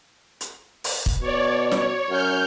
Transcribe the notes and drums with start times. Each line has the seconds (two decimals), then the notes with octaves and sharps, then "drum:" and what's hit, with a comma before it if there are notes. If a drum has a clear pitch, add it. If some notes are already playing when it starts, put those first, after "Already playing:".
0.41 drum: hi-hat
0.84 drum: open hi-hat
1.06 drum: kick
1.20 B2 C#5 D5
1.71 C#5, drum: snare
2.10 F#2 F6 G6